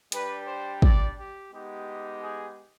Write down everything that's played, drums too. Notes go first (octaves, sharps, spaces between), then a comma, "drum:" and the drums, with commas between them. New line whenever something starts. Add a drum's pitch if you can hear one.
G3 D4 G4 B4, drum: hi-hat
C5
D5, drum: kick
G4
G#3 B3 D#4 G4
G#4